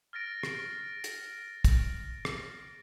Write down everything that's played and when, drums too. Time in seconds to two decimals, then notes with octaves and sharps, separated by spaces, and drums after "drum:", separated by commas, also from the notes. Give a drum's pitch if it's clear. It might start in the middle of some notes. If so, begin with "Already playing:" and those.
0.13 F6 A6 A#6 D7
0.43 drum: rim click
1.04 drum: hi-hat
1.65 drum: kick, hi-hat
2.25 drum: rim click